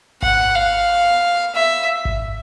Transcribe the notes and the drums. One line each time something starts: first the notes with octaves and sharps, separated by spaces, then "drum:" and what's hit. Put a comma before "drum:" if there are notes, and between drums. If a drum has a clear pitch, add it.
F#5, drum: kick G#1
F5
E5
drum: kick G#1